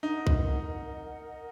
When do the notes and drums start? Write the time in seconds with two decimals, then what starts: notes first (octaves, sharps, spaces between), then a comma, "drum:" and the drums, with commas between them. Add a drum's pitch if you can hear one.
0.03 D#4 A#4 D#5 F#5
0.27 drum: kick B1